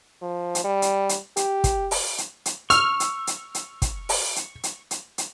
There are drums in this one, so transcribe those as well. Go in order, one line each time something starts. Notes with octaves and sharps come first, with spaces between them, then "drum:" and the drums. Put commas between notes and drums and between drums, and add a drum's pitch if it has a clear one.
F3
drum: hi-hat
G3
drum: hi-hat
drum: hi-hat
G4, drum: hi-hat
drum: kick, hi-hat
drum: open hi-hat
drum: hi-hat
drum: hi-hat
C#6 E6 F6, drum: hi-hat
drum: hi-hat
drum: hi-hat
drum: hi-hat
drum: kick, hi-hat
drum: open hi-hat
drum: hi-hat
drum: hi-hat
drum: hi-hat
drum: hi-hat